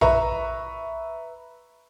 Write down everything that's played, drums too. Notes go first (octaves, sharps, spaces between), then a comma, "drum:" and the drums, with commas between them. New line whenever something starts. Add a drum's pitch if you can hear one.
B4 E5 A#5 C#6, drum: tom A#1